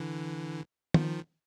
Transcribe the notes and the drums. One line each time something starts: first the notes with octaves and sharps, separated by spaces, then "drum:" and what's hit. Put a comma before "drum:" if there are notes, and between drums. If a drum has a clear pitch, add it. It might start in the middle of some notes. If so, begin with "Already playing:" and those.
Already playing: D3 E3
D#3 F3, drum: tom